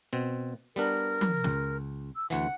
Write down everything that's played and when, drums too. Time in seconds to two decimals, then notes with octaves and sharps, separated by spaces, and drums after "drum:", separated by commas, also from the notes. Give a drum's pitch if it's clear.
0.13 B2 C4
0.76 G3 B3 D4 A#4
1.21 drum: tom F3
1.44 C#2, drum: snare
2.16 E6
2.30 D2 E3 F#5, drum: hi-hat